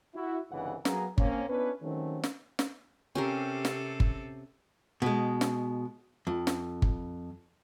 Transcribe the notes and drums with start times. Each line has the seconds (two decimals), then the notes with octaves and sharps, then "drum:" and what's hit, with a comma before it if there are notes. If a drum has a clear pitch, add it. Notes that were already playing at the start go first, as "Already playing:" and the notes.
0.15 E4 F#4
0.51 G1 C2 C#3 E3 D#4 F#5
0.85 F#3 A#3 B3 G#4 A#5, drum: snare
1.18 A#3 C4 C#4, drum: kick G1
1.50 B3 C#4 D4 E4 B4
1.82 D#3 F#3 G3 A3 C4 C#4
2.24 drum: snare
2.59 drum: snare
3.15 C3 C4 C#4 G4 A4 A#4
3.65 drum: snare
4.00 drum: kick G1
5.02 B2 G#3
5.41 drum: snare
6.27 F2
6.47 drum: snare
6.82 drum: kick G1